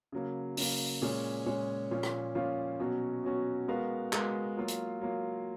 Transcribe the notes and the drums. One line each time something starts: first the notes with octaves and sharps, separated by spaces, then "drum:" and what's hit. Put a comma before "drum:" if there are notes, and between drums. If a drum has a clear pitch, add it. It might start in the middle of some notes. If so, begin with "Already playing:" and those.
C#3 F#3 A#3
C#3 F#3 A#3, drum: open hi-hat
A#2 G#3 C#4 G#4 C#5
A#2 G#3 C#4 G#4 C#5
A#2 F3 A#3 C#4 F4
drum: rim click
A#2 F3 A#3 C#4 F4
B2 F#3 C#4 F#4
B2 F#3 C#4 F#4
G#3 B3 F#4 A#4 F5
G#3 B3 F#4 A#4 F5, drum: clap
F#3 A#3 F4
drum: hi-hat
F#3 A#3 F4